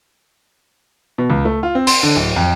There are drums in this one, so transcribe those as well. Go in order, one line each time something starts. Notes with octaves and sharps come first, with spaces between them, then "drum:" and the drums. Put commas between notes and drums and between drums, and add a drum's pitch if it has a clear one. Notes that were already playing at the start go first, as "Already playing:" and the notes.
B2
C#2
A3
F4
C4
C6, drum: open hi-hat
D3
D1
F2